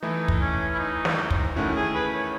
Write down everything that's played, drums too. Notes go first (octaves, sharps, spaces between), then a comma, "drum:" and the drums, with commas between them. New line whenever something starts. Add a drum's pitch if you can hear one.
E3 A3 D#4 E4
drum: kick
C#4
E4
D#4
drum: snare
drum: kick
D#3 A3 C#4 E4 F#4
G#4
B4
C#5